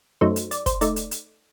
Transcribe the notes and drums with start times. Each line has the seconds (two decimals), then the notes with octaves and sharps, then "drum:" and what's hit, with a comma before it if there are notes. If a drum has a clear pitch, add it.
0.21 F#2 F#3 A3 D#4 C5
0.36 drum: hi-hat
0.51 D5, drum: hi-hat
0.66 C5, drum: kick, hi-hat
0.81 A3 D#4 D5, drum: hi-hat
0.96 drum: hi-hat
1.11 drum: hi-hat